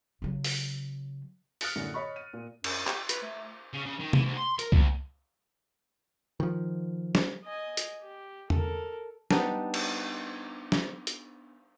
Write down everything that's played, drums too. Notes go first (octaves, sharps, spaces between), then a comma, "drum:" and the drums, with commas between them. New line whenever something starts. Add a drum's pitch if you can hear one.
C#3 F#3
drum: open hi-hat
D#6 F6 F#6 A6 A#6 C#7, drum: open hi-hat
F#2 A2 D3
C#5 D#5 B5 C#6
D#7
A#2
F#2, drum: cymbal
G4, drum: clap
B4, drum: hi-hat
A3
C#3
C#3
D#3
E3, drum: tom
D2
C6
A#4, drum: hi-hat
D2, drum: kick C2
D#3 F3
drum: snare
D#5 G#5
drum: hi-hat
G4
A4 A#4, drum: tom E2
G3 B3 D4 D#4, drum: snare
drum: cymbal
drum: snare
drum: hi-hat